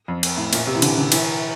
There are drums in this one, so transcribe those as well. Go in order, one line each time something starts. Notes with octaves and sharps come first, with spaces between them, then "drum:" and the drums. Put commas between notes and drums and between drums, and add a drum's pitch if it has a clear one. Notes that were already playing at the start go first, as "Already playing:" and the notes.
F2
drum: cymbal
A2
A#2, drum: cymbal
C3
E3
D3, drum: cymbal
D3
E3, drum: cymbal